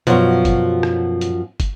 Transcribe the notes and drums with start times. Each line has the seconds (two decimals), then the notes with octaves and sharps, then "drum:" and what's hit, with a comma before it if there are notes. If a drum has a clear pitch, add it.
0.07 F#2 B2 F3 F#3 F4, drum: hi-hat
0.45 drum: kick, hi-hat
0.83 drum: rim click
1.21 drum: hi-hat
1.60 drum: kick, hi-hat